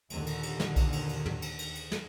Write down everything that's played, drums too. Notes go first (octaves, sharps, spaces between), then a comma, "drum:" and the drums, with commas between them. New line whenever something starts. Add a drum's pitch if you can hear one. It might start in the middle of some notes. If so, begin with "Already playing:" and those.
D#2 A#2 D3 D#3, drum: cymbal
drum: cymbal
drum: cymbal
drum: snare
drum: kick B1, cymbal
drum: cymbal
drum: cymbal
drum: tom
drum: cymbal
drum: cymbal
drum: cymbal
drum: snare